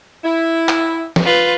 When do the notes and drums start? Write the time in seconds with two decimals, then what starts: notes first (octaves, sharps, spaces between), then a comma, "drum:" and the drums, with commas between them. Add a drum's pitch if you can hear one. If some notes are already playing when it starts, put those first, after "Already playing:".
0.24 E4
0.68 drum: clap
1.16 drum: snare
1.25 F4 B4